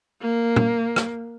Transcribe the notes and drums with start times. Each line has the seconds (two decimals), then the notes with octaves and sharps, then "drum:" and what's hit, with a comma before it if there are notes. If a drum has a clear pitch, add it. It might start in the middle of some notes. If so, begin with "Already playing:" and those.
0.21 A#3
0.56 drum: tom
0.96 drum: rim click